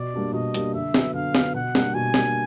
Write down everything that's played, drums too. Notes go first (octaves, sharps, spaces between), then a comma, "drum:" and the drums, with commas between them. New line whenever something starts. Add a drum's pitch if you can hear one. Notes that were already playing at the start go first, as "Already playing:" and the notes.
Already playing: B2 D5
G3 A#3 D4 G4
B2 D#5
G3 A#3 D4 G4, drum: hi-hat
D3 E5
F#3 B3, drum: snare
D3 F5
F#3 B3, drum: snare
B2 F#5
G3 A#3 D4, drum: snare
B2 G#5
G3 A#3 D4, drum: snare